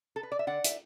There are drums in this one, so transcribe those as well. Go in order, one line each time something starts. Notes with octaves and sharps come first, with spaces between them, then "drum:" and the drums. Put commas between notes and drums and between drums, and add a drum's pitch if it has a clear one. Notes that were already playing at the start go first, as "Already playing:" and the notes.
A4
B4
D5
E5
D3 D5 F#5
E5, drum: hi-hat